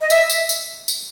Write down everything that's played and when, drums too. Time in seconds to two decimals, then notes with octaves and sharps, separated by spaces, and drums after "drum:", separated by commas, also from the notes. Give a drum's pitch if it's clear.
0.01 D#5
0.10 E5, drum: tambourine
0.30 drum: tambourine
0.49 drum: tambourine
0.88 drum: tambourine